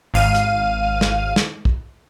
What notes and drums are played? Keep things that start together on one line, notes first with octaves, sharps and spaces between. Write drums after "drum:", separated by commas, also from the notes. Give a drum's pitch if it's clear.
G#1 F5 D#7
drum: hi-hat
drum: snare
drum: snare
drum: kick